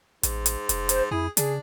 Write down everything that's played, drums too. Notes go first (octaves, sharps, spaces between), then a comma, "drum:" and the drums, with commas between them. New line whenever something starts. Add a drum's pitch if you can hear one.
A1 G#2, drum: hi-hat
drum: hi-hat
F1, drum: hi-hat
C5, drum: hi-hat
F2 E4 G#4
C#3 D4 G#4, drum: hi-hat